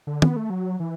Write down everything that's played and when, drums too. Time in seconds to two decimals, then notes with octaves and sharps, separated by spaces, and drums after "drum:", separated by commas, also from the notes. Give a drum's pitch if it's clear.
0.07 D3
0.22 B3, drum: tom D#3
0.36 A3
0.50 F#3
0.80 E3